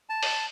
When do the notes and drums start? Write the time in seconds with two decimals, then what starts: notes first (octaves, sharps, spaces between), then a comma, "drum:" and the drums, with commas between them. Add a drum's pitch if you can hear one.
0.09 A5
0.23 drum: open hi-hat